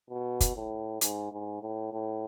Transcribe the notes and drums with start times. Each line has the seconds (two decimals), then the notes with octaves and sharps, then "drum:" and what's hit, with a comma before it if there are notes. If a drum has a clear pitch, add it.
0.10 B2
0.40 drum: kick, hi-hat
0.56 A2
1.01 G#2, drum: hi-hat
1.32 G#2
1.61 A2
1.93 A2